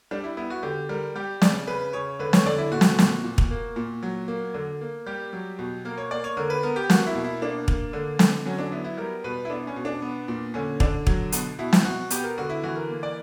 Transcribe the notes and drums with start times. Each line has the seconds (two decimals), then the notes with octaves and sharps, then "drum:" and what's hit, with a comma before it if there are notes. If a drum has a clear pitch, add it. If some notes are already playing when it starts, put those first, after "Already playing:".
0.11 G3 D4
0.24 E4
0.37 B3 E4
0.50 F#4
0.63 D3 G4
0.89 G3 A#4
1.16 G3 G4
1.42 C#3 D5, drum: snare
1.67 C#3 B4
1.93 C#3 C#5
2.19 D3 B4
2.33 C#5, drum: snare
2.45 D3 D5
2.58 E4
2.71 A#2 F#4
2.81 drum: snare
2.99 A#2, drum: snare
3.24 A#2
3.38 drum: kick
3.51 A#3
3.76 A#2
4.03 F#3
4.28 A#3
4.54 D3
4.81 A#3
5.06 G3 G4
5.33 F#3
5.59 B2
5.85 A#3 A#4
5.98 C#5
6.11 A#3 D5
6.24 C#5
6.37 D3 A#4
6.50 B4
6.63 B3 A#4
6.76 G4
6.90 A#3 F#4, drum: snare
7.06 E4
7.15 B2
7.24 E4
7.41 A#3 D4
7.68 A#3, drum: kick
7.93 D3
8.19 D3, drum: snare
8.46 F#3 C#4
8.58 D4
8.72 B3 E4
8.84 E4
8.97 G3 A#4
9.24 B2 B4
9.45 E4
9.50 B3 D4
9.67 C#4
9.76 B2
9.85 D4
10.02 B3
10.28 A#2
10.54 D3 C#4
10.80 D3 D4, drum: kick
11.07 F#3, drum: kick
11.32 B2, drum: hi-hat
11.59 B2 E4
11.73 drum: snare
11.85 B2 F#4
12.10 B3 G4, drum: hi-hat
12.24 A#4
12.38 D3 F#4
12.50 E4
12.63 E3 F#4
12.76 A#4
12.90 A#3
13.03 D5